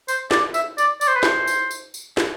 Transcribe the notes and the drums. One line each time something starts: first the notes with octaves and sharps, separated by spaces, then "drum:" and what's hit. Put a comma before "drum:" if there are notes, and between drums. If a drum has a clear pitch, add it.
C5, drum: tambourine
D5, drum: snare
E5, drum: tambourine
D5, drum: tambourine
D5, drum: tambourine
C5
B4
C5, drum: snare
drum: tambourine
drum: tambourine
drum: tambourine
drum: snare